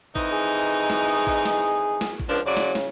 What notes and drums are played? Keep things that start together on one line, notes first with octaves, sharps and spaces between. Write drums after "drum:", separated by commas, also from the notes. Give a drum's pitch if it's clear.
F2 E3 D#4, drum: kick G#1
G#4
drum: snare
drum: kick G#1
drum: snare
drum: snare
drum: kick G#1
C#2 F3 A#3 D4
F2 C#3 F#3 D5
drum: snare
drum: snare